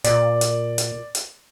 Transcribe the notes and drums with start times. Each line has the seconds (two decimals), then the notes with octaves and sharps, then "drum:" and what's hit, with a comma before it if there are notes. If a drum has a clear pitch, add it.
0.04 A#2 D5, drum: hi-hat
0.41 drum: hi-hat
0.78 drum: hi-hat
1.15 drum: hi-hat